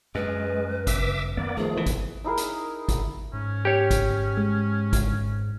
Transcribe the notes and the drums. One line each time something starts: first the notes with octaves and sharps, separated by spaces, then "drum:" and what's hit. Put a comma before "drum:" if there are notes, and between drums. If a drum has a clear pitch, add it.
F#2 G#3 B4
G1 C#3 E5 D6 E6, drum: kick G#1, hi-hat
D#3 A#3 B3 D5
D#3 F3 A3 B3 G#4
E3
drum: kick G#1, hi-hat
D#4 E4 G#4 A#4
drum: hi-hat
drum: kick G#1, hi-hat
G#2 C#4
G4 C#5
drum: kick G#1, hi-hat
G#3
drum: kick G#1, hi-hat